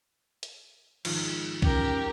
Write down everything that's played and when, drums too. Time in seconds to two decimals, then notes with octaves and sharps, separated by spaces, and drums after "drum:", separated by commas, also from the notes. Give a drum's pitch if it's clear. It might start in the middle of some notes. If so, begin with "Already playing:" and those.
0.43 drum: hi-hat
1.05 G#2 D#3 F3, drum: cymbal
1.62 C#4 G4 A#4, drum: kick